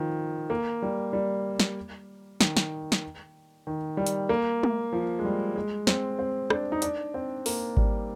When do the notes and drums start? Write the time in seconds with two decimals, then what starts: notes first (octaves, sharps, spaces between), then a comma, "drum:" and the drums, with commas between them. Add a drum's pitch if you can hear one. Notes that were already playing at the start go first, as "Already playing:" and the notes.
Already playing: D#3 F3
0.50 A#3
0.82 G3
1.13 G3
1.60 drum: snare
2.41 D#3, drum: snare
2.57 drum: snare
2.92 drum: snare
3.67 D#3
3.97 G3
4.07 drum: hi-hat
4.29 A#3
4.63 drum: tom G#3
4.93 F3
5.19 G#3
5.25 G3
5.56 G#3
5.87 C4, drum: snare
6.19 C4
6.50 D4, drum: rim click
6.72 D#4
6.82 D4, drum: hi-hat
7.14 C4
7.46 A#3, drum: open hi-hat
7.77 G3, drum: kick G#1